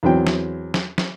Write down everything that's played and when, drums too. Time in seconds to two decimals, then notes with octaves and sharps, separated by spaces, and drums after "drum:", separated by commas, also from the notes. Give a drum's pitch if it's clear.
0.03 E2 F#3 C4 G5
0.27 drum: snare
0.74 drum: snare
0.98 drum: snare